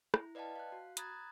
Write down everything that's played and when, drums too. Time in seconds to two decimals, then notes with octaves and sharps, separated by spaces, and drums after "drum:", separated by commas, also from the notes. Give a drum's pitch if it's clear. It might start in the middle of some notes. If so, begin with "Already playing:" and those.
0.14 E4, drum: rim click
0.35 B4 D5 D#5 F5 G5 A5
0.56 F5 F#6
0.72 F#4
0.97 A#5 B5 D#6 F#6 G#6 A6, drum: hi-hat